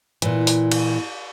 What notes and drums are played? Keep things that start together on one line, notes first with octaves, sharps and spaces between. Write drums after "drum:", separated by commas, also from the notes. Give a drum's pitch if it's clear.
A#2 E3, drum: hi-hat
drum: open hi-hat
drum: cymbal